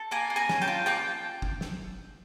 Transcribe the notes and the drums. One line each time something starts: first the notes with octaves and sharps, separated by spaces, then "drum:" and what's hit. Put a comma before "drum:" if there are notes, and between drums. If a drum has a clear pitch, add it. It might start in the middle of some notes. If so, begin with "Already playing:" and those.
Already playing: A4
A#3 G#5 A#5
A#3
G#5 A#5
C#4, drum: snare
G5 A5
F4
A#3 G5 A5
drum: kick
drum: snare